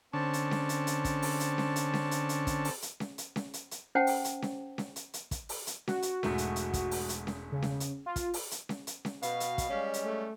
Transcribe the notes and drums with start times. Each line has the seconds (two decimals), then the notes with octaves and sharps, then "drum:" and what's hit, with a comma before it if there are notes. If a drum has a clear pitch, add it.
0.13 D3 C4 C#4 A5
0.33 drum: hi-hat
0.51 drum: snare C#4
0.69 drum: hi-hat
0.87 drum: hi-hat
1.05 drum: kick, hi-hat
1.22 drum: open hi-hat
1.40 drum: hi-hat
1.58 drum: snare C#4
1.76 drum: hi-hat
1.93 drum: snare C#4
2.11 drum: hi-hat
2.29 drum: hi-hat
2.47 drum: kick, hi-hat
2.65 drum: open hi-hat
2.82 drum: hi-hat
3.00 drum: snare C#4
3.18 drum: hi-hat
3.36 drum: snare C#4
3.54 drum: hi-hat
3.71 drum: hi-hat
3.95 C#4 C5 F#5 G5 A5
4.07 drum: open hi-hat
4.25 drum: hi-hat
4.42 drum: snare C#4
4.78 drum: snare C#4
4.96 drum: hi-hat
5.14 drum: hi-hat
5.31 drum: kick, hi-hat
5.49 drum: open hi-hat
5.67 drum: hi-hat
5.88 F#4, drum: snare C#4
6.02 drum: hi-hat
6.23 E1 G#2 A3, drum: snare C#4
6.38 drum: hi-hat
6.56 drum: hi-hat
6.74 drum: kick, hi-hat
6.91 drum: open hi-hat
7.09 drum: hi-hat
7.27 drum: snare C#4
7.52 C#3
7.62 drum: snare C#4
7.80 drum: hi-hat
8.06 F4
8.16 drum: kick, hi-hat
8.34 drum: open hi-hat
8.51 drum: hi-hat
8.69 drum: snare C#4
8.87 drum: hi-hat
9.05 drum: snare C#4
9.22 B2 F5, drum: hi-hat
9.40 drum: hi-hat
9.58 drum: kick, hi-hat
9.69 G3 G#3 C#4
9.94 drum: hi-hat
10.04 A3